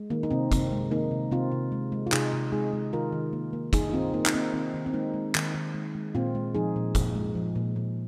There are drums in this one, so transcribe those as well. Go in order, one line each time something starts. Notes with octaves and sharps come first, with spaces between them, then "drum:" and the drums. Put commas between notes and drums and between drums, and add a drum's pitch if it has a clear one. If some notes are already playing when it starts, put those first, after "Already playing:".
Already playing: G#3
D#3 A#3
D#4
C3 C4
C3 C4, drum: kick, hi-hat
G#3
D#3 A#3 D#4
C3
C3 C4 F4
C3
G#3
G#3
F4
C3 D#4 G#4, drum: clap
C3
G#3 D#4 G#4
G#3
D#3 F4 A#4
D#3
A#3
A#3
D#3 D#4 G#4, drum: kick, hi-hat
D#4
D#3 C4 F4
A#3 D#4
D#4, drum: clap
A#3 C4
D#3 C4
D#3
C4
G#3 A#3 D#4
G#3
D#3, drum: clap
D#3
G#3
G#3
A#2 C4 F4
G#3
F3 D#4 G#4
A#2
A#2, drum: kick, hi-hat
G#3
F3
A#2
A#2